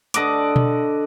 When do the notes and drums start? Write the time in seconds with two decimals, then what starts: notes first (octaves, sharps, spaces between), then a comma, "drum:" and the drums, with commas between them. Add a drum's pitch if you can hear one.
0.14 D3 D#5 F#5 D6, drum: hi-hat
0.56 drum: tom B2